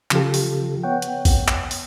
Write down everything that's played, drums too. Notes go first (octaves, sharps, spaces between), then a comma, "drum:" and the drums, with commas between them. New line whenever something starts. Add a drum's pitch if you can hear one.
C#3 F3 F4 G4 A4, drum: clap
drum: open hi-hat
B3 C#5 F#5 G5
drum: hi-hat
drum: kick A1, open hi-hat
drum: clap
drum: open hi-hat